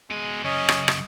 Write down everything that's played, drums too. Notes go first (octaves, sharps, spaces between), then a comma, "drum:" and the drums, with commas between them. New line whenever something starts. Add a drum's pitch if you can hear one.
B2 G#3 G#5
F#2 C#3 C#4 D#5
drum: rim click
drum: rim click